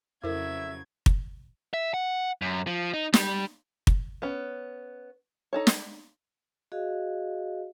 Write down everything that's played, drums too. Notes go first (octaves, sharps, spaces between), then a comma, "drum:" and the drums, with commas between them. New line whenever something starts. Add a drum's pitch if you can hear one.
F2 C#3 F#3 E4 A#4 E5 G#6
drum: kick
E5
F#5
F#2
F3
D#4
G3, drum: snare
drum: kick
B3 C#4
D#4 A4 C#5
drum: snare
F#4 G#4 D#5 F5